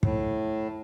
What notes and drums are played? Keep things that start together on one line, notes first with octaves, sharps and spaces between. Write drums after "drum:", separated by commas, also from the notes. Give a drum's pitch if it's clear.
A2, drum: kick